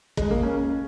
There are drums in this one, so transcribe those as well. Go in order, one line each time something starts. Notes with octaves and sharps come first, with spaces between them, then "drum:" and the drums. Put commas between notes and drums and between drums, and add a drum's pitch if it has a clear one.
G#3, drum: kick
A#3
C#4